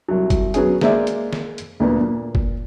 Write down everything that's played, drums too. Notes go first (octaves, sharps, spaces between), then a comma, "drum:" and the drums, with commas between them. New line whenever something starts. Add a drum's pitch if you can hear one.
C2 F#3
drum: kick, hi-hat
F#3 B3 C#4 G#4, drum: hi-hat
G#3 A#3 C5 D5 E5, drum: snare
drum: hi-hat
drum: snare
drum: hi-hat
D2 A#2 B3
A#2
drum: kick